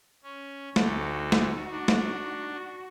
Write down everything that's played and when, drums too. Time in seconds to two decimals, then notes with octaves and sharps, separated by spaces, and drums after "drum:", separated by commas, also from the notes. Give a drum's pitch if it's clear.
0.23 C#4
0.76 D2 D#4 F#4 A4, drum: snare
1.32 drum: snare
1.70 D4
1.88 drum: snare
2.52 F#4